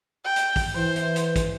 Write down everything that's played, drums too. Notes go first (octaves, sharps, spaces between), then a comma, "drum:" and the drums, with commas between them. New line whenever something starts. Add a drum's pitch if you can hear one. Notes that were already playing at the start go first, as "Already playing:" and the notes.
G5
drum: hi-hat
drum: kick, open hi-hat
E3 C5
drum: hi-hat
drum: hi-hat
drum: kick, hi-hat